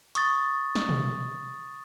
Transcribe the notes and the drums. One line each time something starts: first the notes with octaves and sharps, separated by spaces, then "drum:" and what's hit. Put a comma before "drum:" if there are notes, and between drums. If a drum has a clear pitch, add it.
C#6 D#6 A6, drum: hi-hat
drum: snare
drum: tom B2